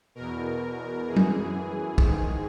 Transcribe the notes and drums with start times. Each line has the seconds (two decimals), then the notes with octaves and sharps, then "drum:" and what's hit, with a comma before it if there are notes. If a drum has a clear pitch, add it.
0.15 E2 B2 A#4
1.07 F#2 E3 G#4
1.16 drum: tom
1.98 G#2 D#3, drum: kick